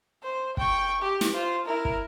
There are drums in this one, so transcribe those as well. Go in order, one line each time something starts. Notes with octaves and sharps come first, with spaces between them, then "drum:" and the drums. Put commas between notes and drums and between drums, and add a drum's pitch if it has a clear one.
C5
G5 C#6, drum: kick
G4
drum: snare
F4 C5
E4 A#4
drum: kick